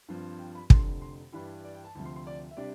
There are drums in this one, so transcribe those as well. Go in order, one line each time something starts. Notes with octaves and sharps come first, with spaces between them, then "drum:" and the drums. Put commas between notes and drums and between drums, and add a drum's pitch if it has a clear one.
G2 F3 C4
G5
B5
F1 F2 D3 C6, drum: kick
C6
G2 E3 G3 D4 B5
D5
G5
A5
D2 C3 F3 A5
C6
C6
D5
E5
C3 G3 D4 D5